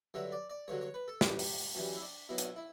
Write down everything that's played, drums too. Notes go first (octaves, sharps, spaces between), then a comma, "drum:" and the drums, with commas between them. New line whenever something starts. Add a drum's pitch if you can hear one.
G2 D3 F#3 E5
D5
D5
G2 D3 F#3 C#5
C#5
B4
A4
F#2 E3 G3 G4, drum: snare
drum: open hi-hat
F#2 E3 G3 C#4
E4
D4
B2 F#3 E4
drum: hi-hat
E4